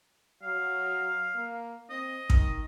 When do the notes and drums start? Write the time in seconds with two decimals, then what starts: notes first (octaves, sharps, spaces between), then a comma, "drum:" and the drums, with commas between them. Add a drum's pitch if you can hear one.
0.43 F#3 F5
1.35 A#3
1.90 C4 D#5
2.30 D#3, drum: kick